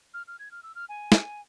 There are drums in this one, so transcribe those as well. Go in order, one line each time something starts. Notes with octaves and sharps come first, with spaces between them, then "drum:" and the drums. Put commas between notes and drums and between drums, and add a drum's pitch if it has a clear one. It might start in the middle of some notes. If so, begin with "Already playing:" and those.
F6
F6
G#6
F6
E6
F6
G#5
drum: snare